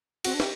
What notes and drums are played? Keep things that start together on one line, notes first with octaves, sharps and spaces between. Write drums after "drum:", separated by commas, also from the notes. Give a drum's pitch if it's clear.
C4 F#4, drum: cymbal
D4
G4, drum: snare